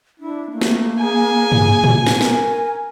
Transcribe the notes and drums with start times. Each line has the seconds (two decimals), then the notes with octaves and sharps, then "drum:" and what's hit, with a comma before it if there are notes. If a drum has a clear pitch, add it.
0.20 D4 E4
0.51 A3 A#3
0.61 drum: snare
1.02 G#4 G#5
1.52 drum: tom G2
1.84 drum: tom A2
2.07 drum: snare
2.21 A#4 G#5, drum: snare